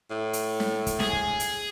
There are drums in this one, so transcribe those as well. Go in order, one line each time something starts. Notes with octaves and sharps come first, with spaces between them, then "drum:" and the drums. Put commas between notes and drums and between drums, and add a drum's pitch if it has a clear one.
A2
drum: hi-hat
drum: snare
drum: kick, hi-hat
G#4, drum: snare
drum: kick
drum: hi-hat